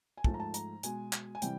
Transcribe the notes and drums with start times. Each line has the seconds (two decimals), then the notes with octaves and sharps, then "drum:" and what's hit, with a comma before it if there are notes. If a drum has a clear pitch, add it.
0.17 G#5
0.24 G#2 F3 A3 A5, drum: kick
0.34 A#5
0.40 A5
0.54 A#5, drum: hi-hat
0.83 B2 G#3 G#5, drum: hi-hat
1.13 drum: clap
1.35 G#5
1.42 C3 E3 G3 G5, drum: hi-hat